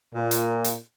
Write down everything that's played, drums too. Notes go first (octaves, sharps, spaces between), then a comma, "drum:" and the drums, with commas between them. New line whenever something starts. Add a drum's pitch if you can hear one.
A#2
drum: hi-hat
drum: hi-hat